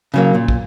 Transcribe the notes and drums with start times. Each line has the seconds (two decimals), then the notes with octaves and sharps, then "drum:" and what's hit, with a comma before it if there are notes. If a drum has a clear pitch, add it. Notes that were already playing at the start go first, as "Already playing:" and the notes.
0.14 C#3 F#3 A#3
0.34 A#2
0.48 drum: kick